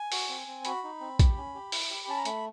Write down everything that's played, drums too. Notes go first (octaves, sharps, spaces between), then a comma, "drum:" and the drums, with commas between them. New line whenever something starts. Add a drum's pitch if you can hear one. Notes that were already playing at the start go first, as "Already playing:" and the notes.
Already playing: G#5
F#4, drum: open hi-hat
C4
C4
F#4 B5, drum: hi-hat
D#4
C4
G4, drum: kick A#1, hi-hat
C#4
G4
E4, drum: open hi-hat
G4
C#4 A5
A#5
A3 B5, drum: hi-hat